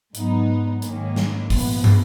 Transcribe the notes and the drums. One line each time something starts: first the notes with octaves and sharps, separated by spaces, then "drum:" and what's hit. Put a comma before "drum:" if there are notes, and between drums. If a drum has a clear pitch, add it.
G#2 F#3 B3 D#4, drum: hi-hat
G#2 D#3 A#3 C#4, drum: hi-hat
drum: snare
A#1 G#2 F3 B3, drum: kick, open hi-hat
drum: tom